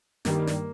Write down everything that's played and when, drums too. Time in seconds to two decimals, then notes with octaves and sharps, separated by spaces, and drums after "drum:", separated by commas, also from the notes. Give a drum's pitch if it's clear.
0.25 G2 D#3 G3 A#3, drum: snare
0.47 drum: snare